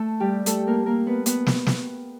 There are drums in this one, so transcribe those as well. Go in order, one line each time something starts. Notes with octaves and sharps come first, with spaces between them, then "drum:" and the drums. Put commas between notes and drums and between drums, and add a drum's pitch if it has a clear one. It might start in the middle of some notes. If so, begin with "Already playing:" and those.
Already playing: A3 A4
G3 G4
A3 A4, drum: hi-hat
A#3 A#4
A#3 A#4
B3 B4
B3 B4, drum: hi-hat
drum: snare
drum: snare